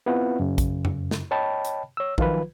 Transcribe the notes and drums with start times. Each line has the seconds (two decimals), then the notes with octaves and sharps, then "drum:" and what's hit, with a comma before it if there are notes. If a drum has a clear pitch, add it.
0.06 B3 C4 E4 F4 B4 F#5
0.40 F#2 C#3
0.58 drum: kick A#1, hi-hat
0.85 drum: tom F2
1.11 drum: snare
1.31 C#5 D#5 G5 A5 B5
1.65 drum: hi-hat
1.97 C#5 E6
2.18 D#3 F3 F#3 F4 B4, drum: kick A#1